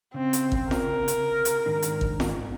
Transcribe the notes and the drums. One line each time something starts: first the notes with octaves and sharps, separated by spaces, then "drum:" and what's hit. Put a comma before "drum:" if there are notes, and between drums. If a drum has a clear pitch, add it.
C#3 C4
drum: hi-hat
drum: kick
A#4, drum: snare F4
drum: hi-hat
drum: hi-hat
G#2 D#3 D4
drum: hi-hat
drum: kick
drum: snare F4